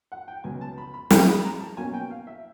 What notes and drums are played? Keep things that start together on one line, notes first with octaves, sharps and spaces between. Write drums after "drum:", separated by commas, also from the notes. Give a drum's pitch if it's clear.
F#5
G5
C#2 B2 F#3 B3 G#5
A5
B5
B5
B5, drum: snare
B5
A#5
A5
B2 F#3 A#3 C#4 G#5
G5
F5
E5